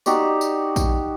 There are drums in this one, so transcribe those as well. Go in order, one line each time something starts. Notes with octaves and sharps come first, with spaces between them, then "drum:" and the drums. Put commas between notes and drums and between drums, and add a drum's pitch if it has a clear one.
D#4 F#4 G4 D5, drum: tambourine
drum: tambourine
drum: kick A#1, tambourine